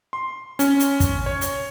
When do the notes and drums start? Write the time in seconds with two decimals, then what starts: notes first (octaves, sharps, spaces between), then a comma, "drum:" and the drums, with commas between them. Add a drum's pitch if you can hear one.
0.13 C6
0.59 C#4, drum: hi-hat
0.80 drum: hi-hat
1.00 drum: kick, hi-hat
1.26 C#5
1.41 drum: hi-hat